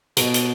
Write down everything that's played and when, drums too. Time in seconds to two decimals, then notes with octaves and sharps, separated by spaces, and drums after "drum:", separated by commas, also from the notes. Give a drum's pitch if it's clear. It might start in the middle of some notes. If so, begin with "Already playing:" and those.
0.17 B2, drum: hi-hat
0.34 drum: hi-hat